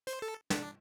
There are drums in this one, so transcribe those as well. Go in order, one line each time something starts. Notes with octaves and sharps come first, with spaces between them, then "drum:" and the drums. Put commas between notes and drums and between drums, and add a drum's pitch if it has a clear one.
C5, drum: hi-hat
A4
D4, drum: snare